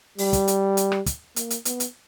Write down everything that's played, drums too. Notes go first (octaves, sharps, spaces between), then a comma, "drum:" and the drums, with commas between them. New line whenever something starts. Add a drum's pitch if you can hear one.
G3, drum: open hi-hat
drum: kick, hi-hat
drum: hi-hat
drum: hi-hat
drum: rim click
drum: kick, hi-hat
A#3, drum: hi-hat
drum: hi-hat
B3, drum: hi-hat
drum: hi-hat